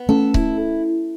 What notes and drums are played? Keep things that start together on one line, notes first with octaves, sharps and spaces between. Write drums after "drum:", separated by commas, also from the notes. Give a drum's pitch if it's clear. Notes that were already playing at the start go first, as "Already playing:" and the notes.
Already playing: B3
A3 C#4 A4
E4, drum: kick C#1